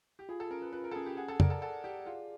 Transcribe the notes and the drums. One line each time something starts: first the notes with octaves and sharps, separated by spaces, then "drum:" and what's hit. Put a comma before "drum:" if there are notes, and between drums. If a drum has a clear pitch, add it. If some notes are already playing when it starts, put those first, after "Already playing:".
G4
F4 G#4
A4
C#4 A#4
B4
F4 B4
A#4
A4
C#4 G#4
G4
G#4 F#5
A4
A#4 D5, drum: tom
A4
A4 F#5
G4 D5
F4 G#4